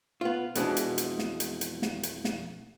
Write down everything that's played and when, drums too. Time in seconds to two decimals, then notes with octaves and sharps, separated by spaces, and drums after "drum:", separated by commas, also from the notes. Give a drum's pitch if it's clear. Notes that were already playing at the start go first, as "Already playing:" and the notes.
0.21 B3 F4
0.55 F2 B2 E3 G#3 C4 D4, drum: hi-hat
0.77 drum: hi-hat
0.98 drum: hi-hat
1.19 drum: snare
1.40 drum: hi-hat
1.61 drum: hi-hat
1.82 drum: snare
2.03 drum: hi-hat
2.25 drum: snare